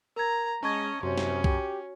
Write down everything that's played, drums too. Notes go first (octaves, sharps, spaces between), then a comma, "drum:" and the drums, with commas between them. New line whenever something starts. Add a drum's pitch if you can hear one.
A#4 A#5 G#6
G#3 C#4 D#5 A5 C#6 G#6
F#2 C3 C#4 F#4 C#5
drum: snare
G4, drum: kick B1